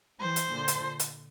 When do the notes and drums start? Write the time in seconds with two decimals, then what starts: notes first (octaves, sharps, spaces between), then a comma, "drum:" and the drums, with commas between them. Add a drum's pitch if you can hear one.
0.20 E3 G3 C5
0.36 drum: hi-hat
0.51 A#2 D3
0.68 drum: hi-hat
1.00 drum: hi-hat